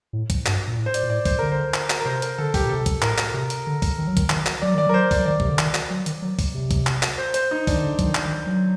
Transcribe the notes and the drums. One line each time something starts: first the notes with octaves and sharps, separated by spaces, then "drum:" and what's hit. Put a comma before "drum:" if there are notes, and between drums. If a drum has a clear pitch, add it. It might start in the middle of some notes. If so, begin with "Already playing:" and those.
A2
drum: kick, hi-hat
G2, drum: clap
A#2
A2
C5
D5, drum: hi-hat
A#2
A2 D5
C5, drum: kick, open hi-hat
D3 A#4
C5
drum: clap
drum: clap
A#4
C3 C5
A#4, drum: hi-hat
D3 A4
G4, drum: kick, open hi-hat
A#2
C3 A4
drum: kick, hi-hat
A2 A#4, drum: clap
drum: clap
C3
drum: hi-hat
D3
drum: kick, open hi-hat
D#3
F#3
D#3, drum: kick, hi-hat
D#3, drum: clap
drum: clap
F#3 D5
D#3 D5
F#3 A#4
C5
D5, drum: kick, open hi-hat
F#3
D#3 D5
C3, drum: kick
D3
D#3, drum: clap
drum: clap
F#3
D#3, drum: hi-hat
F#3
drum: kick, open hi-hat
C3
drum: kick, hi-hat
drum: clap
drum: clap
C5
C5, drum: hi-hat
D#4
D4, drum: kick, open hi-hat
D#3
D3
F#3, drum: kick, hi-hat
D#3
drum: clap
D#3
F#3